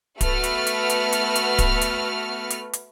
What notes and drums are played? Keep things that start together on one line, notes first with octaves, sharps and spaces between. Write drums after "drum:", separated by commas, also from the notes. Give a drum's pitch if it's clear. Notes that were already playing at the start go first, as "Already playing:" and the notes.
A3 B3 F#4 B4 F6, drum: kick D1, hi-hat
drum: hi-hat
drum: hi-hat
drum: hi-hat
drum: hi-hat
drum: hi-hat
drum: kick D1, hi-hat
drum: hi-hat
drum: hi-hat
drum: hi-hat